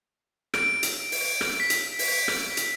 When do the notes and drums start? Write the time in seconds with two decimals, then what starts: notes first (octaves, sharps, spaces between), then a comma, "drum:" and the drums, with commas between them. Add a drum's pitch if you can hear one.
0.54 D7, drum: rim click
0.83 drum: hi-hat
1.12 drum: open hi-hat
1.41 drum: rim click
1.60 B6
1.70 drum: hi-hat
1.99 drum: open hi-hat
2.28 drum: rim click
2.57 drum: hi-hat